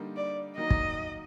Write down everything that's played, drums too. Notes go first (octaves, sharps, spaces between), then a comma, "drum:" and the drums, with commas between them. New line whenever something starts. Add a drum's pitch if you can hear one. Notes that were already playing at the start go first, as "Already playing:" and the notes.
Already playing: D3 G3 A#3 D#4 G4
D5
D#3 F#3 A#3 D#4 D#5
drum: kick